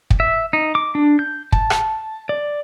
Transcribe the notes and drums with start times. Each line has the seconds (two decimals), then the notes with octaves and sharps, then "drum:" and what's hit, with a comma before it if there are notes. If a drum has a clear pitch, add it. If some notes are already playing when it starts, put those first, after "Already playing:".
0.10 drum: kick
0.20 E5
0.53 D#4
0.75 D6
0.95 D4
1.19 G6
1.52 A5, drum: kick
1.70 drum: rim click
2.29 D5